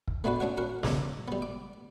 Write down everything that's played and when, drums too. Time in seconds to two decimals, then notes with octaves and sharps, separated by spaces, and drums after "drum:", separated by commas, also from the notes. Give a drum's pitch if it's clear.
0.08 drum: kick
0.24 A3 B3 D4 F#4 B4
0.40 C#4 D4 C#5 F#5
0.57 F#4 A#4 F#5
0.83 E2 G2 C#3, drum: snare
1.28 G3 B3
1.42 D6